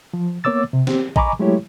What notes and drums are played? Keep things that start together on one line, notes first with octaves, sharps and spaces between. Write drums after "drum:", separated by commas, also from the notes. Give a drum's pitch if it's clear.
F3
A#3 B3 C#5 D6 E6 A6
C3
C4 G4, drum: snare
D#5 G#5 A#5 B5 C#6 D6, drum: kick
F#3 G#3 A3 E4 G4 C#5